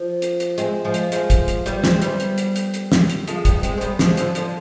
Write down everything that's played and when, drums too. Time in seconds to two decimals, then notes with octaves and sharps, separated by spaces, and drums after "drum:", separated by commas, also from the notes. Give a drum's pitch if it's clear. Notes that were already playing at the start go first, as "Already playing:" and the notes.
Already playing: F3
0.22 drum: hi-hat
0.40 drum: hi-hat
0.58 G#3 C4, drum: hi-hat
0.85 F3 G#3
0.94 drum: hi-hat
1.12 F3 G#3, drum: hi-hat
1.30 drum: kick, hi-hat
1.48 drum: hi-hat
1.66 G3 B3, drum: hi-hat
1.84 G#3 C4, drum: snare
2.02 G3 B3, drum: hi-hat
2.20 drum: hi-hat
2.38 drum: hi-hat
2.56 drum: hi-hat
2.74 drum: hi-hat
2.92 drum: snare
3.10 drum: hi-hat
3.28 F3 G#3, drum: hi-hat
3.45 G3 B3, drum: kick, hi-hat
3.63 G#3 C4, drum: hi-hat
3.78 C4
3.81 G3 B3, drum: hi-hat
3.99 F3 G#3, drum: snare
4.17 D3 F3, drum: hi-hat
4.35 D3 F3, drum: hi-hat